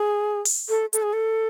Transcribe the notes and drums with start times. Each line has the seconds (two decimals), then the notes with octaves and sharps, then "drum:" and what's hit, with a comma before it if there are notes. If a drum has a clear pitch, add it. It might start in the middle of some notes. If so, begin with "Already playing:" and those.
Already playing: G#4
0.45 drum: open hi-hat
0.69 A4
0.93 A4, drum: hi-hat
1.03 G#4
1.13 A4